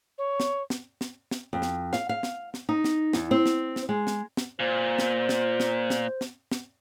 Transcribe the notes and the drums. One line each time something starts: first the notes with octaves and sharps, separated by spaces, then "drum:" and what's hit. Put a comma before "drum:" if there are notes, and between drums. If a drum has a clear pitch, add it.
C#5
drum: snare
drum: snare
drum: snare
drum: snare
F2
drum: snare
F5, drum: snare
F5
drum: snare
drum: snare
D#4
drum: snare
E2, drum: snare
C4
drum: snare
drum: snare
G#3
drum: snare
drum: snare
A#2 C5
drum: snare
drum: snare
drum: snare
drum: snare
drum: snare
drum: snare